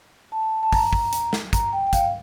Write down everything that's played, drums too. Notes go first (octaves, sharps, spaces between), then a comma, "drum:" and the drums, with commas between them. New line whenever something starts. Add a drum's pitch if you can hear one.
A5
A5
A#5, drum: kick, open hi-hat
drum: kick
drum: hi-hat
drum: snare
A#5, drum: kick, hi-hat
G5
G5
F5, drum: kick, hi-hat